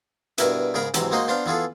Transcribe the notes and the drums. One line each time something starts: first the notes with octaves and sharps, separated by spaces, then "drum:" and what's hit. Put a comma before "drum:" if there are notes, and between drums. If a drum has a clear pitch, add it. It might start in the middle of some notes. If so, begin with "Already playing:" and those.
G2 B2 E4 A#4 B4 E5, drum: hi-hat
G#2 C#3 G#4 A#4 A#5 B5
G#2 C3 E3 F#3, drum: hi-hat
G#3 A#3 D#4 F#4 C5 D#5
B3 D4 C5 F5 A#5
E3 B3 F4 G#4 A4